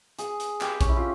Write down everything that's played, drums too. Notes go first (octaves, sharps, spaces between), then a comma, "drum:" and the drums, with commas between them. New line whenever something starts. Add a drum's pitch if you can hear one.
G#4, drum: hi-hat
drum: hi-hat
G4, drum: clap
C#4, drum: kick A#1, hi-hat
E4
F4